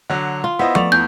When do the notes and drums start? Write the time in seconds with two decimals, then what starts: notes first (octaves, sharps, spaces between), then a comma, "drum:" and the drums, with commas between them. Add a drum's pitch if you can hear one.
0.10 D3 F#3
0.44 F4
0.59 B3 E4 C5 D#5
0.75 A3 D5 F7, drum: tom F3
0.92 E2 G6